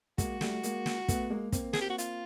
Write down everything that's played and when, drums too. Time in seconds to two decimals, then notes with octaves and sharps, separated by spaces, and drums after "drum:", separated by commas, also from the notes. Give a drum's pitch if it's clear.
0.18 G#3 A#3 F#4, drum: kick, hi-hat
0.41 G3 A3, drum: snare
0.63 G#3 A#3, drum: hi-hat
0.86 drum: snare
1.08 A3 B3, drum: kick, hi-hat
1.30 G#3 A#3
1.52 A#3 C4, drum: kick, hi-hat
1.73 G#4, drum: snare
1.81 G4
1.90 F#4
1.98 F4, drum: hi-hat